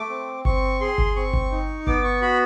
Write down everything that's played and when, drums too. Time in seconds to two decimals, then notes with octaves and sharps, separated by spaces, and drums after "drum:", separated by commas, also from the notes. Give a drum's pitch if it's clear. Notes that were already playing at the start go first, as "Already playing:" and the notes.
Already playing: A3 D6
0.09 C4
0.45 C4 C#6, drum: kick G1
0.81 G#4 C6
0.98 drum: kick G1
1.16 C4 C#6
1.33 drum: kick G1
1.51 D#4
1.87 B3 D6, drum: kick G1
2.04 C#6
2.22 F#4 B5